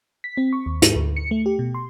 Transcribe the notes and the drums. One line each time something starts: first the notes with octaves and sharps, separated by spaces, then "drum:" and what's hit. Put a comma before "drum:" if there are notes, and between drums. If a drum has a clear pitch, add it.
B6
C4
C#6
D#2
G#2, drum: hi-hat
D2
C#7
A3
G4
B2
C6